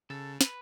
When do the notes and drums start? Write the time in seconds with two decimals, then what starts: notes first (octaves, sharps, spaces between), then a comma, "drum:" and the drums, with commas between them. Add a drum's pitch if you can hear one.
0.10 C#3 A4
0.41 B4, drum: snare